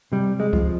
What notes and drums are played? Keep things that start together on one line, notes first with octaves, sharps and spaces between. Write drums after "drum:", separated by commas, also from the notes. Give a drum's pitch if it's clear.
C3 G3
G#3
F3, drum: kick C#2